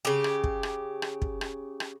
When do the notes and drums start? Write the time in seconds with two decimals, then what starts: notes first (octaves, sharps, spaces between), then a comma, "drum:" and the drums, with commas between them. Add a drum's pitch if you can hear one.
0.05 C#3 G4
0.24 drum: rim click
0.44 drum: kick
0.63 drum: rim click
1.02 drum: rim click
1.22 drum: kick
1.41 drum: rim click
1.80 drum: rim click